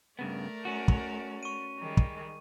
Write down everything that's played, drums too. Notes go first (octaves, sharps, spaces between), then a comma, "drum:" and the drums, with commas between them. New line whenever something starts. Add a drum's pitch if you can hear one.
G2 C#3 A3 B3 A#4 D5
C#4 F#4
drum: kick
C#6 D#7
D#3 G3 G#3
drum: kick